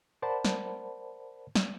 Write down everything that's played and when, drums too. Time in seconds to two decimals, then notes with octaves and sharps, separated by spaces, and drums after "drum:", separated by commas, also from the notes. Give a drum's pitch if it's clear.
0.22 A#4 C5 D5 F#5 A5 B5
0.45 drum: snare
1.55 drum: snare